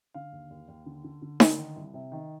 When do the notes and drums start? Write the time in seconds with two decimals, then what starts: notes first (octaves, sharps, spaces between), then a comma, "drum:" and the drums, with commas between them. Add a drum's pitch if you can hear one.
0.14 D3 F5
0.32 D#2
0.50 D#2
0.68 D#2
0.86 D3
1.04 D3
1.22 D3
1.40 D3, drum: snare D#4
1.58 D#3
1.76 C2
1.94 C3
2.12 D#3